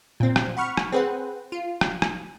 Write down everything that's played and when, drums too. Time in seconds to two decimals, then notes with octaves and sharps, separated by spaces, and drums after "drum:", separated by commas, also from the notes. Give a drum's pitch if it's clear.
0.20 A#2 C4
0.36 drum: rim click
0.57 F#5 B5 C#6 F6
0.77 drum: rim click
0.92 C4 G#4 B4 C5 F#5
1.52 F4
1.81 drum: rim click
2.02 drum: rim click